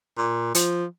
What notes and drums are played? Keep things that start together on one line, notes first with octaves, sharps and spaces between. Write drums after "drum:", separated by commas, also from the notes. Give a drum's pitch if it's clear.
A#2
F3, drum: hi-hat